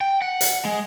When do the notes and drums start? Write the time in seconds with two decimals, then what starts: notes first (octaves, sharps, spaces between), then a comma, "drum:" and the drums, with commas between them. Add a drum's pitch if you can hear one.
0.01 G5
0.22 F#5
0.41 drum: hi-hat
0.65 G#3